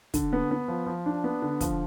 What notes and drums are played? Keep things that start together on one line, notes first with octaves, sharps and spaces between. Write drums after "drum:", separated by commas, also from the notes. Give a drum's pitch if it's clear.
D3, drum: kick, hi-hat
B3
B3
F3
F3
D4
B3
D3
F3, drum: kick, hi-hat